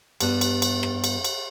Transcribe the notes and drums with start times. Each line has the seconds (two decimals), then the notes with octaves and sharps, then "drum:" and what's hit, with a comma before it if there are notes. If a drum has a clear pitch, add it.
0.20 G2 G3 B3, drum: cymbal
0.41 drum: cymbal
0.62 drum: cymbal
0.83 drum: rim click
1.04 drum: cymbal
1.24 drum: cymbal